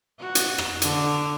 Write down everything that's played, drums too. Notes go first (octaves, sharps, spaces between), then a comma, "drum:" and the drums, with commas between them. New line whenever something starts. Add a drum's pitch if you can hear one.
F#4
drum: hi-hat
drum: rim click
D3, drum: hi-hat